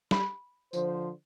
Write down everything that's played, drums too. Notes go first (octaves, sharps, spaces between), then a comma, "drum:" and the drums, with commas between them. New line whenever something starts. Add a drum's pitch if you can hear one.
B5, drum: snare
D3 F3 C5, drum: tambourine